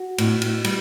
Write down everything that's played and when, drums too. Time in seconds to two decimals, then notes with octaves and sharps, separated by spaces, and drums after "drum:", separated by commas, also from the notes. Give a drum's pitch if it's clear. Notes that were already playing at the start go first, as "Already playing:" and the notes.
Already playing: F#4
0.18 A2, drum: cymbal
0.42 drum: cymbal
0.64 G3, drum: cymbal